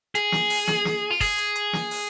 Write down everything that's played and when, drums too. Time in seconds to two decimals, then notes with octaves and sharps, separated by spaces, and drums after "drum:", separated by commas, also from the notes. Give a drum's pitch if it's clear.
0.15 G#4, drum: hi-hat
0.32 drum: snare
0.50 drum: open hi-hat
0.67 drum: snare
0.85 drum: snare
1.10 F4
1.20 G#4, drum: kick, open hi-hat
1.38 drum: hi-hat
1.56 drum: hi-hat
1.73 drum: snare
1.91 drum: open hi-hat